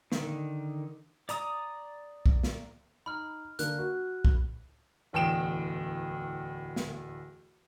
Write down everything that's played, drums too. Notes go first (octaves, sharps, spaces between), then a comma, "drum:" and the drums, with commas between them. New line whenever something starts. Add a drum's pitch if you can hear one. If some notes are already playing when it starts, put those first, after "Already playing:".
D3 D#3, drum: snare
D5 A#5 D#6, drum: hi-hat
drum: kick
drum: snare
D#4 B5 F6
D3 A#3 D4 F#6, drum: hi-hat
F#4
drum: kick
D1 E2 G5 D7 E7
drum: snare